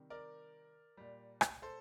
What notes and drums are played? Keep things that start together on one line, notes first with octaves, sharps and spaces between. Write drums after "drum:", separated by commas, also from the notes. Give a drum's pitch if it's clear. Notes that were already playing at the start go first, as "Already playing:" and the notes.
Already playing: C3 D#3 G3
A#4 D5
A#2 G3
drum: rim click
A4 C5